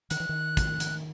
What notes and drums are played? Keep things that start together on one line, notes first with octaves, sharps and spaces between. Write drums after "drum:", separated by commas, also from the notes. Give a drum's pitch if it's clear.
D#3 F#6, drum: hi-hat
E3
D#3
drum: kick, hi-hat
drum: hi-hat